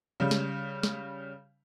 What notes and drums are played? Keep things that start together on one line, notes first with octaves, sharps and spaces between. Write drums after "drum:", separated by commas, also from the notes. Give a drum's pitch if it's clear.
C#3 G3
drum: snare
drum: snare